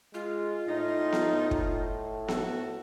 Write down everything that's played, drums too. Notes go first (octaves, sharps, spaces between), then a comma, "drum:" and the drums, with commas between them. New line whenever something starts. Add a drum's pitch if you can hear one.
G#3 F4
A2 D#4
drum: snare B3
drum: kick
F#4 A4, drum: snare B3